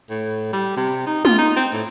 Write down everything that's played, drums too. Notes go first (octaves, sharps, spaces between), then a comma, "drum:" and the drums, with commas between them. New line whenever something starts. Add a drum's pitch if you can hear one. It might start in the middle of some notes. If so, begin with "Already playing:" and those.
A2
G3
C3
D#4
F4, drum: tom G#3
D#4
C4
A2